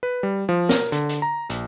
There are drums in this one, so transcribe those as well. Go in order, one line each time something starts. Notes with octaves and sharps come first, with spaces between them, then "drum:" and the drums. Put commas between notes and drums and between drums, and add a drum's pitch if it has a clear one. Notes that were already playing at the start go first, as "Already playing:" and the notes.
B4
G3
F3
A#4, drum: snare
D3, drum: hi-hat
drum: hi-hat
A#5
A#1, drum: hi-hat